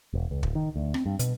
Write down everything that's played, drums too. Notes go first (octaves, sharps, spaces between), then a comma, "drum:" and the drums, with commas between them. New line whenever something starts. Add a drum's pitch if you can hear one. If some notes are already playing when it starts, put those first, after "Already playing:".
E1
C#2
D1, drum: kick
D#3
D2
C4, drum: rim click
G2
B2, drum: hi-hat